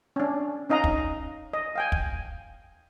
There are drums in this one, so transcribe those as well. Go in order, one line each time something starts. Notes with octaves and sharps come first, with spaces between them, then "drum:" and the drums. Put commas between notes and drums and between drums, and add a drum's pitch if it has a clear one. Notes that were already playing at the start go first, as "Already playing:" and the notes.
C#4 D4
C#4 D#4 D#5 F5 A#5
drum: kick
D#5
F5 G5 G#5
drum: kick